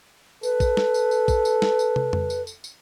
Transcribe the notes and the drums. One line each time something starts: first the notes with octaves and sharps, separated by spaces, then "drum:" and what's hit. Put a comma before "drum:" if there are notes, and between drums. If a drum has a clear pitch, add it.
A4 B4, drum: tambourine
drum: kick A#1, tambourine
drum: snare
drum: tambourine
drum: tambourine
drum: kick A#1, tambourine
drum: tambourine
drum: snare
drum: tambourine
drum: tom
drum: tom F2
drum: tambourine
drum: tambourine
drum: tambourine